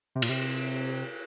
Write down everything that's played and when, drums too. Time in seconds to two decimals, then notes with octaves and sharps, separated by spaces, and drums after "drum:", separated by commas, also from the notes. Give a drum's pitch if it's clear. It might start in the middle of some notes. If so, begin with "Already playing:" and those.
0.15 C3
0.22 A#2, drum: cymbal
0.29 C3